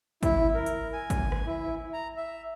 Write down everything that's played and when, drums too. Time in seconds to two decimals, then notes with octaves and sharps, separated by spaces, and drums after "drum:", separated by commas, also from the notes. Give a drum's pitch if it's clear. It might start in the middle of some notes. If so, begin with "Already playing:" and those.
0.23 E4, drum: kick, hi-hat
0.54 A#4
0.66 drum: hi-hat
0.93 G#5
1.10 drum: kick, hi-hat
1.32 drum: rim click
1.46 E4
1.93 A#5
2.16 E5